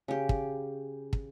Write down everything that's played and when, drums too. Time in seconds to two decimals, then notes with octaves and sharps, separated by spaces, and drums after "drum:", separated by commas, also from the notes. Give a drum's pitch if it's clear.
0.08 C#3 G4
0.29 drum: kick
1.13 drum: kick